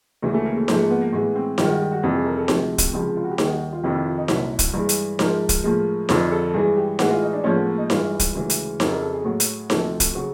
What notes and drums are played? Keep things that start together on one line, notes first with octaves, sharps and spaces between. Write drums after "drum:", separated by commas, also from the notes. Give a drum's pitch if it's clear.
D2 C#3 E3 G#3
A3
A#3
A3
G#2 F3 G#3 A3, drum: snare D#4
A#3
B3
A#3
A2 E3 G#3 B3
C4
G2 D#3 G#3 F4, drum: snare D#4
F#4
G4
F#4
F2 C3 E3 G3 G4
G#4
A#4
A4
D2 C3 F3 G#3, drum: snare D#4
drum: kick, hi-hat
C#2 C3 F3 G#3
F4
F#4
G4
D#2 D#3 G3 G#4, drum: snare D#4
F#4
F4
F2 C3 D#3 E4
E4
F4
D#4
C2 A#2 F#3 E4, drum: snare D#4
drum: kick, hi-hat
G2 E3 G#3
drum: hi-hat
G#2 F3 G#3 A#4, drum: snare D#4
drum: kick, hi-hat
A2 F3 G#3
F2 D3 F3 A4, drum: snare D#4
A4
G2 E3 G#3 G#4
G4
A2 E3 G#3 F#4, drum: snare D#4
F4
D#4
D4
A2 F3 G#3 C#4
B3
A#3
D#4
G2 E3 G#3 F4, drum: snare D#4
drum: kick, hi-hat
D2 C#3 E3 G#3
drum: hi-hat
F2 C#3 F#3 A4, drum: snare D#4
A#4
A4
G#4
A2 F#3
drum: hi-hat
D2 C3 F3 A4, drum: snare D#4
drum: kick, hi-hat
C#3 F#3